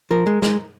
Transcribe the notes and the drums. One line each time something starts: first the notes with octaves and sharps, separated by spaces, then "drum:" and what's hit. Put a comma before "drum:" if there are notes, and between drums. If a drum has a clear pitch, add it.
F3 A#4
G#3
G#3, drum: snare